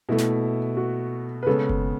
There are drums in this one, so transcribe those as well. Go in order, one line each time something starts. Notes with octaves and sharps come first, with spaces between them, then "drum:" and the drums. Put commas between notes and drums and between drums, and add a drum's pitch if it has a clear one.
B2 A3 E4
drum: snare
F#4
B4
C#3 G#3 B3 A4
drum: kick F#1